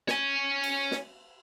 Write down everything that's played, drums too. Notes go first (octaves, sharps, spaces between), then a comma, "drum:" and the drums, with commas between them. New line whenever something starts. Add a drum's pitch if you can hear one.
C#5 G#5, drum: snare
drum: cymbal
drum: snare